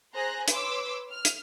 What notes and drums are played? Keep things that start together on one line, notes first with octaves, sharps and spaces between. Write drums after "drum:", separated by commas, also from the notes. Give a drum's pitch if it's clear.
G#4 C5 G#5 A#5 F#6 A#6
B4 C#5 C6 D6 E6, drum: hi-hat
F6
drum: hi-hat